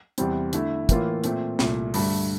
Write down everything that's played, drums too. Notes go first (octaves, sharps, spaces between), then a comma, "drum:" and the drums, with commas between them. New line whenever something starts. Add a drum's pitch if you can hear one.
E2 C3 G3 C4, drum: hi-hat
D3 A3 E4, drum: hi-hat
A2 E3 A#3 F4, drum: kick, hi-hat
A#2 A3 C4, drum: hi-hat
C2 A#2 A3, drum: snare
G2 D3 A3, drum: open hi-hat